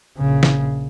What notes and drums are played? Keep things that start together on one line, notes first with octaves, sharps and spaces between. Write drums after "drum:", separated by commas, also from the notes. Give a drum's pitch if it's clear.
A#1 C#3
drum: snare